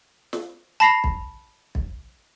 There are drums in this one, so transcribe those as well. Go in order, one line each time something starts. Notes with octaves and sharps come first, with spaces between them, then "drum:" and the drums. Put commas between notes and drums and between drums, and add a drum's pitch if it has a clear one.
drum: snare
A5 B5 A#6 C7 F7
drum: kick
drum: kick